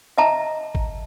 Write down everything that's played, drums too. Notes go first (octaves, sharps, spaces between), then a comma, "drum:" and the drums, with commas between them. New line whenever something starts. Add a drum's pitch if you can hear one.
D#5 E5 A5 A#5
drum: kick